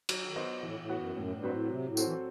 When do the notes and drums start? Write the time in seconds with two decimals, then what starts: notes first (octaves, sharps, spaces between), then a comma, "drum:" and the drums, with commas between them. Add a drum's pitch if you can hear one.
0.09 F#3, drum: cymbal
0.27 D#3
0.36 B3 F#4 C5 D#5
0.62 A2 E3
0.80 A2
0.89 B3 F#4
0.98 F#2
1.16 F#2 A2
1.35 G2
1.43 F#3 C4 F#4 B4
1.52 A2
1.70 C3 F#3
1.88 A2
1.97 C4 F#4 A4 C5, drum: tambourine
2.06 E3